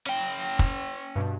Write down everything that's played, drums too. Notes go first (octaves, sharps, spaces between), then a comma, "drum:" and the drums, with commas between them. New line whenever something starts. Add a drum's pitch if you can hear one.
C#4 G5
drum: kick
G2 B2